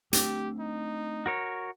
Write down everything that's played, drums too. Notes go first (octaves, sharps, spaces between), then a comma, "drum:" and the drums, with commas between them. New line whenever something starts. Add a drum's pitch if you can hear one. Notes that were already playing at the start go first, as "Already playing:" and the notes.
A3 C4 D4 G4, drum: hi-hat
D#4
F#4 A#4 C#5